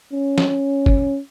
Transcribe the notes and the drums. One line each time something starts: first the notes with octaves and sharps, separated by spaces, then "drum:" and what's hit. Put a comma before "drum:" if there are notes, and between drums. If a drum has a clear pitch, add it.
C#4
drum: snare
drum: kick F#1